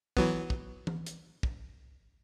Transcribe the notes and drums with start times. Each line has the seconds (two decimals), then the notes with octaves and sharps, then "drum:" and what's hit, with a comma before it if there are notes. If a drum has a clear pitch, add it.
0.17 E3 F#3 B3, drum: kick
0.50 drum: kick
0.87 drum: tom E3
1.06 drum: hi-hat
1.43 drum: kick